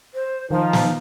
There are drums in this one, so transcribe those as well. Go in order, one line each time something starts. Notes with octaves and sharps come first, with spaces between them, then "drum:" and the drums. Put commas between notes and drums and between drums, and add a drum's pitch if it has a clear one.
C5
D#3 F3 D#4
drum: snare